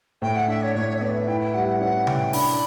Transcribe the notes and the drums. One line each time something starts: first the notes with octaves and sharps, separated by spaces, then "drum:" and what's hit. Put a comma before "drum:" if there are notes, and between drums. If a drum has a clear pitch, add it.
A2 G5
F#5
D4 E5
C#5
A2 C#5
C#5
E5
B3 D5
E5
E4 G5
G5
G3 F#5
F#5
C#4 F#5
E4 G5, drum: tom C3
D4 B5, drum: open hi-hat